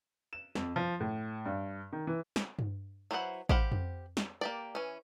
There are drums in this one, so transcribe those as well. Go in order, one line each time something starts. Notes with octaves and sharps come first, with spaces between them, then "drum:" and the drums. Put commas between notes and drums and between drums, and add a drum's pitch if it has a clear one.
E7
F2, drum: snare
F3
A2
G2
D#3
E3
drum: snare
drum: tom G2
F#3 E4 B4 C5 F#5
G4 C5 F5 F#5 B5, drum: kick A1
drum: tom F2
drum: snare
A#3 G4 D5
E3 C#4